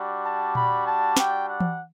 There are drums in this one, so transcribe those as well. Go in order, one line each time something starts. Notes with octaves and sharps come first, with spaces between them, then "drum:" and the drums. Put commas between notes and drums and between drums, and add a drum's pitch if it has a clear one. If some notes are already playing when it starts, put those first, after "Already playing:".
Already playing: G3 D4 F#4
A5
B5, drum: tom A#2
A5
G5, drum: snare
F#5
drum: tom E3